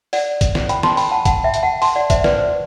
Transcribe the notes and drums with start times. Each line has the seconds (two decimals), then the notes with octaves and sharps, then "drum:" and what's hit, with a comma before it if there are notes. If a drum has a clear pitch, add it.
0.13 D5 F#5, drum: open hi-hat
0.41 drum: kick A#1, hi-hat
0.55 drum: snare
0.69 G5 B5, drum: hi-hat
0.83 A5 C6, drum: snare
0.97 G5 B5, drum: open hi-hat
1.11 F#5 A5
1.25 F#5 A5, drum: kick A#1, hi-hat
1.44 E5 G5
1.54 drum: hi-hat
1.63 F#5 A5
1.82 A5 C6, drum: open hi-hat
1.96 D5 F#5
2.10 C5 E5, drum: kick A#1, hi-hat
2.24 B4 D5, drum: snare
2.38 C5